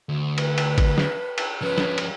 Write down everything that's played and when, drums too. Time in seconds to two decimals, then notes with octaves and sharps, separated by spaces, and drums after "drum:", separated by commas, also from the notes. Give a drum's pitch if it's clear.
0.09 D2
0.38 B4, drum: cymbal
0.58 drum: cymbal
0.78 drum: kick G#1, cymbal
0.98 drum: snare
1.38 drum: cymbal
1.62 F3 C#4 B4
1.78 drum: snare
1.98 drum: cymbal